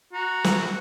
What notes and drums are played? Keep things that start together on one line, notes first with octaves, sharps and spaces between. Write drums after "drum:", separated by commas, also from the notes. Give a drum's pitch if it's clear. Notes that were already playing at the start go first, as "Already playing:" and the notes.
F#4 A#5
drum: snare